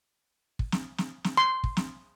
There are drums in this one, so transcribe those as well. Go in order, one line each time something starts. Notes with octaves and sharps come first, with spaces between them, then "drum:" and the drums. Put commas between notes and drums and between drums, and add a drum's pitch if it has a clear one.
drum: kick
drum: snare
drum: snare
drum: snare
C6
drum: kick
drum: snare